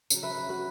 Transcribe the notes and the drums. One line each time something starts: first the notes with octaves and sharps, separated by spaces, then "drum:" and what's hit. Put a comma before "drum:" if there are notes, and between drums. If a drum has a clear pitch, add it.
C#3 F#3, drum: tambourine
B4 E5
F#4 B4